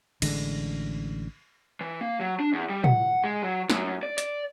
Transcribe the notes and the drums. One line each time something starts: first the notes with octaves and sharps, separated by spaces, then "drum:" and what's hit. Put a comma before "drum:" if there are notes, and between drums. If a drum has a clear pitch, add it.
A1 D3 G#3, drum: cymbal
E3
A#3
F#3
D4
E2
G3
F#5, drum: tom
G#3
F#3
F#2, drum: snare
D5
D5, drum: hi-hat